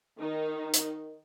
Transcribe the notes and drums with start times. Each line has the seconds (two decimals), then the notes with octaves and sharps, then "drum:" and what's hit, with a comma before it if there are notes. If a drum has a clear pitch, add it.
0.20 D#3 D#4
0.74 drum: hi-hat